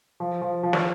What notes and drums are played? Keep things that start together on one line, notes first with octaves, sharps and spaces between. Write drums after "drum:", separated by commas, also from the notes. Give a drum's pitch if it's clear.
F3
F3
F3
drum: snare